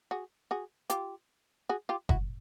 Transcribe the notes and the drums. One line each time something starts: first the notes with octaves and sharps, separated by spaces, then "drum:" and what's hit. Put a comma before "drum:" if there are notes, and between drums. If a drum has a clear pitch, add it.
F#4 G#4
F#4 G#4
F4 G4, drum: hi-hat
F#4 G#4
F4 G4
E4 F#4, drum: kick F#1